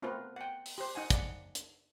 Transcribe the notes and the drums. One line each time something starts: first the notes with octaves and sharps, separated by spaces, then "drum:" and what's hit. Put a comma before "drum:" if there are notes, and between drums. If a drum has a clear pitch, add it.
A3 B3 C4 F4 A#4 B4
F#5 G5
drum: open hi-hat
G4 C5
D#4 F#5 G#5
D5 F#5, drum: kick, hi-hat
drum: hi-hat